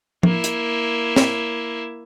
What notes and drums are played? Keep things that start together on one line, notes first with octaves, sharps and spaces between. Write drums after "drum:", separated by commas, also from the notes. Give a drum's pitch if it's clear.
A#3 E4, drum: tom F3
drum: hi-hat
drum: snare